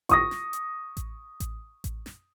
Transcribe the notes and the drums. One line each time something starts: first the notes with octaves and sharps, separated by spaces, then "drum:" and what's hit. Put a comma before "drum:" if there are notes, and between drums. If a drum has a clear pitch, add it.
C#6 D#6 A#6, drum: kick A1, hi-hat
drum: snare
drum: hi-hat
drum: kick A1, hi-hat
drum: kick A1, hi-hat
drum: kick A1, hi-hat
drum: snare